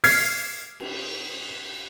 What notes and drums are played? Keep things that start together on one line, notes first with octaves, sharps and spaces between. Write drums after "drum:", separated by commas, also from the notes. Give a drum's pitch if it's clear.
F6 G#6 B6 C7, drum: open hi-hat
drum: cymbal